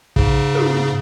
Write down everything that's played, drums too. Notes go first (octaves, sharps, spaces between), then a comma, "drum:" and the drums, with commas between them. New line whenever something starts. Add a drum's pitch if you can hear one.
G#2 C#3, drum: kick A#1
drum: tom